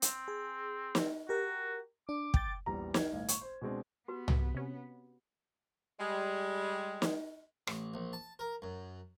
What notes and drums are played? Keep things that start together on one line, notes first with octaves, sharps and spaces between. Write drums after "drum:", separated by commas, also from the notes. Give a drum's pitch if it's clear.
C4, drum: hi-hat
G#4
drum: snare
F#4 G4 A#4
D4 D6
G5 A6, drum: kick
A#1 E2 G3 A#5
G#6, drum: snare
G1 A2 F5
C#6, drum: hi-hat
C5
B2 G#3 C4 D4
B3 F#4 G4 B4
drum: tom C2
C3 C#4
G3 G#3
drum: snare
A1, drum: rim click
A#1
A5
A#4
F#2